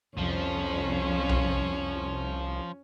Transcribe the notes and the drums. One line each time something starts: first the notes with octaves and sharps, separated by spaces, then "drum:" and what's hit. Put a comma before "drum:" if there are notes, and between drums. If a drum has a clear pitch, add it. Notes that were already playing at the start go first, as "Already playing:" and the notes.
C2 F2 F3 C#4
drum: tom B1